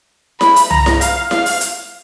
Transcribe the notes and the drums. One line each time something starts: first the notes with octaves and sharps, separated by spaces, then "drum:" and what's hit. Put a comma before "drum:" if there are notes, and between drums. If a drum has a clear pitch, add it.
B5, drum: snare E4
drum: hi-hat
A#5, drum: tom C2
drum: snare E4
F5, drum: hi-hat
F5, drum: snare E4
drum: open hi-hat
drum: hi-hat